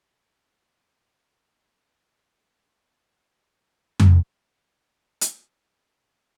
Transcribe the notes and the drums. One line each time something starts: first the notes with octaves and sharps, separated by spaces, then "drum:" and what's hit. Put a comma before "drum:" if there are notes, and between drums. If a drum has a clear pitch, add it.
E3 A4
F4 C5
drum: tom F2
C5 C#5 G#5
drum: hi-hat
F#3 A#3 E4